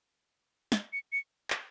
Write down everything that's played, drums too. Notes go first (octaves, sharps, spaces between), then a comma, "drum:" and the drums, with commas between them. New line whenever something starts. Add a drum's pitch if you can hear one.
drum: snare
C#7
C#7
drum: clap